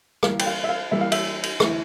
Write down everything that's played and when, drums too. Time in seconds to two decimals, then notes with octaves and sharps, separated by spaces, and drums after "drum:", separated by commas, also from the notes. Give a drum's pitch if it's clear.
0.23 E3 G3 A#3 F5, drum: rim click
0.39 G5, drum: cymbal
0.46 F5
0.64 E5
0.69 F5
0.91 E3 G3 A#3 E5
1.01 F5
1.12 E5, drum: cymbal
1.43 drum: cymbal
1.60 E3 A3 E4, drum: rim click